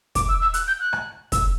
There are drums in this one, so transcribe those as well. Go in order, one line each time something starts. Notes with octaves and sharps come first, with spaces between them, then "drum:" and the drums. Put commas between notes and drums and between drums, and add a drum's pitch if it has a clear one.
D6, drum: kick, hi-hat
E6
E6
F#6, drum: hi-hat
G6
F#6
drum: rim click
E6, drum: kick, hi-hat